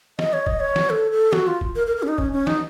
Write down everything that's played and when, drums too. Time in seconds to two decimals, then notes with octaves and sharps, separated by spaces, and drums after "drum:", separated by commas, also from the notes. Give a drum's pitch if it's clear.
0.19 D#5, drum: snare
0.33 C#5
0.47 D#5, drum: kick
0.60 C#5
0.76 drum: snare
0.90 A4
1.12 A4
1.33 F#4, drum: snare
1.47 F4
1.61 drum: kick
1.75 A#4
1.87 A#4
1.97 A#4
2.03 C#4
2.08 D#4
2.18 C#4, drum: kick
2.33 C#4
2.47 D#4, drum: snare